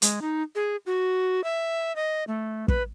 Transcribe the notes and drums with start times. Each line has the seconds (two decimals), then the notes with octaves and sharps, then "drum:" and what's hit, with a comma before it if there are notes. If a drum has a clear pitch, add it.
0.02 G#3, drum: hi-hat
0.22 D#4
0.55 G#4
0.86 F#4
1.44 E5
1.96 D#5
2.28 A3
2.68 B4, drum: kick